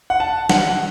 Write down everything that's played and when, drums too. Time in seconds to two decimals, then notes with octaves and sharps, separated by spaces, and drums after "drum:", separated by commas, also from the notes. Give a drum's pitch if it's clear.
0.10 F#5
0.20 A5
0.50 F#5, drum: snare